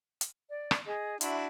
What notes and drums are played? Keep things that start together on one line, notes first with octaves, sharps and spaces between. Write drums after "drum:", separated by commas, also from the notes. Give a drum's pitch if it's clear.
drum: hi-hat
D5
drum: rim click
G#4 D#5
D4 E4 F#4 E5 C6, drum: hi-hat